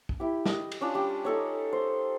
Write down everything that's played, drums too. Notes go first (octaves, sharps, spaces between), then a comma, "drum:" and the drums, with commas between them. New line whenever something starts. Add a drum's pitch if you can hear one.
drum: kick B1
E4 G4
D#5, drum: snare
drum: cymbal
C#4 D4 F4
G3 G4
D#4 A4 C#5
C5